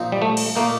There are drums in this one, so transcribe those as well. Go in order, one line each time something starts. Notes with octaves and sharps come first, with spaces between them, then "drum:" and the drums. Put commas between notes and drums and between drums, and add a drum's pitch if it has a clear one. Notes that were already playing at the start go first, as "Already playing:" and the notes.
Already playing: A#2 F3 C4 D#4
G3
A3
drum: cymbal
A#2 A3 A#3 D#4